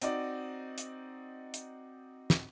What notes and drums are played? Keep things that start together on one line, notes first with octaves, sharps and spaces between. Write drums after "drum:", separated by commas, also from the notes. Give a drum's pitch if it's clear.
C4 D#4 F#4 D5, drum: hi-hat
drum: hi-hat
drum: hi-hat
drum: snare